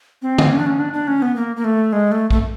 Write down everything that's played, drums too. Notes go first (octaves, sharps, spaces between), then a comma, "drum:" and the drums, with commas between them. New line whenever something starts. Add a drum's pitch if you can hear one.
C4
drum: tom D3
C#4
D4
C#4
D4
D4
C#4
B3
A#3
A#3
A3
G#3
A3
A3, drum: kick A#1